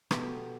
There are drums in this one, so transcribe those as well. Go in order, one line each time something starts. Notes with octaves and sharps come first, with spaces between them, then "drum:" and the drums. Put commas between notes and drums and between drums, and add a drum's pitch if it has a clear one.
B2 A3 B3 G4, drum: rim click